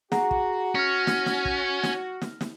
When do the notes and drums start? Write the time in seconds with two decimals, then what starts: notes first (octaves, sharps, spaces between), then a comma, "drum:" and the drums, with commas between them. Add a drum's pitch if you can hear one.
0.12 F#4 G#4 F#5 A#5, drum: snare
0.31 drum: kick
0.75 C#4 F6 A#6
1.07 drum: snare
1.26 drum: snare
1.45 drum: kick
1.83 drum: snare
2.22 drum: snare
2.41 drum: snare